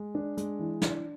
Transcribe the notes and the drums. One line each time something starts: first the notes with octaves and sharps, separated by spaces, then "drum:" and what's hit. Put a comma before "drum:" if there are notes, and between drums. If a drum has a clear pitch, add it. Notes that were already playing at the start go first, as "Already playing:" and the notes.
Already playing: G#3
D4
G#3, drum: hi-hat
E3
D4, drum: snare